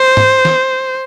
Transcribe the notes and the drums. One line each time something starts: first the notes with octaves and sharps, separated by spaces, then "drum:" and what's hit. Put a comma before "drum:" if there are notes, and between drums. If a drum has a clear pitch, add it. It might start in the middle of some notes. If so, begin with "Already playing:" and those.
Already playing: C5
drum: tom G#2
drum: snare